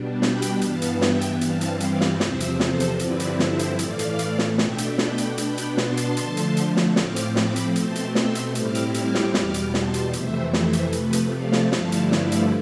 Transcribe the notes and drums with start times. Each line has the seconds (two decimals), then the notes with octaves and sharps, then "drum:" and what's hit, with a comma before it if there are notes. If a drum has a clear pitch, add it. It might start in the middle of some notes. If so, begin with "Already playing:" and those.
Already playing: B2 G3 D4
0.22 G5 B5, drum: snare
0.42 drum: hi-hat
0.61 G2 E3 B3 F5 A5, drum: hi-hat
0.82 drum: hi-hat
1.01 E5 G5, drum: snare
1.21 drum: hi-hat
1.41 G2 E3 G3 C4 F5 A5, drum: hi-hat
1.61 drum: hi-hat
1.80 D5 F5, drum: hi-hat
2.01 drum: snare
2.20 E2 C3 F3 C4 C5 E5, drum: snare
2.40 drum: hi-hat
2.60 A4 C5, drum: snare
2.80 drum: hi-hat
2.99 G2 D3 F3 C4 E4 B4 D5, drum: hi-hat
3.20 drum: hi-hat
3.39 C5 E5, drum: snare
3.59 drum: hi-hat
3.79 A2 E3 A3 D5 F5, drum: hi-hat
3.99 drum: hi-hat
4.19 drum: hi-hat
4.39 drum: snare
4.58 B2 A3 D4 E5 G5, drum: snare
4.78 drum: hi-hat
4.98 G5 B5, drum: snare
5.18 drum: hi-hat
5.38 B2 B3 D4 G5 B5, drum: hi-hat
5.58 drum: hi-hat
5.77 A5 C6, drum: snare
5.97 drum: hi-hat
6.17 D3 F3 A3, drum: hi-hat
6.37 drum: hi-hat
6.57 drum: hi-hat
6.77 drum: snare
6.96 A2 F3 C4 D6 F6, drum: snare
7.16 drum: hi-hat
7.36 B5 D6, drum: snare
7.56 drum: hi-hat
7.76 B2 A3 C4 A5 C6, drum: hi-hat
7.95 drum: hi-hat
8.15 C6 E6, drum: snare
8.35 drum: hi-hat
8.55 A2 G3 C4 E4 D6 F6, drum: hi-hat
8.75 drum: hi-hat
8.94 D6 F6, drum: hi-hat
9.14 drum: snare
9.34 E2 B2 G3 D6 F6, drum: snare
9.54 drum: hi-hat
9.74 A5 C6, drum: snare
9.94 drum: hi-hat
10.13 F2 C3 E3 A3 C5 E5, drum: hi-hat
10.53 C5 E5, drum: snare
10.73 drum: hi-hat
10.92 C3 F3 A3 B4, drum: hi-hat
11.13 drum: hi-hat
11.32 D5 F5
11.52 drum: snare
11.72 G2 D3 F3 A3 E4 F5 A5, drum: snare
11.92 drum: hi-hat
12.12 D5 F5, drum: snare
12.32 drum: hi-hat